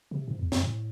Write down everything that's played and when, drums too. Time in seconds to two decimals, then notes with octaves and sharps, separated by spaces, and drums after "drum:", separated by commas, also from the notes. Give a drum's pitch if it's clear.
0.11 C#3
0.17 C3
0.28 G#2
0.39 E2
0.52 F#2, drum: snare
0.63 A2